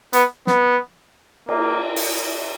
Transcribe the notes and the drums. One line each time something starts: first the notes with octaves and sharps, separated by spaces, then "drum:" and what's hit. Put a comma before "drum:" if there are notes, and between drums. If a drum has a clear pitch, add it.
B3, drum: hi-hat
B3, drum: snare
A#3, drum: cymbal
drum: open hi-hat